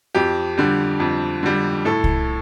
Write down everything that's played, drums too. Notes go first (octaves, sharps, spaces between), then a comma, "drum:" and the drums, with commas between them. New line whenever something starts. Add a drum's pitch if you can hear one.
F2 G4
D3 G3
F2
D3 G3
A2 A4
drum: kick C2